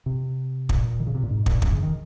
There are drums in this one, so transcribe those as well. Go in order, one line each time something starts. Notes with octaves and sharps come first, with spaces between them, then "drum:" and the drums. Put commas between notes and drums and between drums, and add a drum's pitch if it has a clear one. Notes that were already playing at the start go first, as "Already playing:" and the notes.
C3
A#2, drum: kick
D#3
C#3
C3
A#2
G#2
A#2, drum: kick
F#2, drum: kick
C#3
D#3